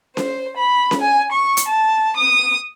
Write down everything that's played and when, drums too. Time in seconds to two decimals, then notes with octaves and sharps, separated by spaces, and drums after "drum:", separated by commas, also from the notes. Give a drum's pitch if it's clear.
0.17 C5, drum: snare C#4
0.58 B5
0.91 drum: snare C#4
1.01 G#5
1.33 C#6
1.57 drum: hi-hat
1.69 A5
2.18 D#6